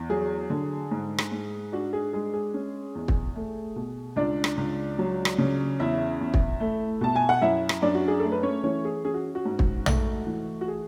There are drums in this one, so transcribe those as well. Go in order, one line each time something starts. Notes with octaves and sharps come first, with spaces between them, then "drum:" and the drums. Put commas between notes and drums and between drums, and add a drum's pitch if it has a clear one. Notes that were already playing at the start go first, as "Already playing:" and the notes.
Already playing: E2
F#3 G#4
D3
G#2
drum: rim click
G#2
D4 F#4
G#4
G#3 G#4
G#4
C#4
E2
drum: kick
A3
B2
C#2 D4 D5
drum: rim click
C#2
F#3
drum: rim click
C#3
E2 E4 E5
E2
drum: kick
A3
B2 A5
G#5
F#5
F#2 E4 E5
drum: rim click
F#2 D4 D5
F#4
G#4
A3 A4
B4
C#4 C#5
E3 C#4 C#5
G#4
C#4 G#4
F#4
F#4
G#2
drum: kick
A3, drum: tom A#1
E3
F#4
G#4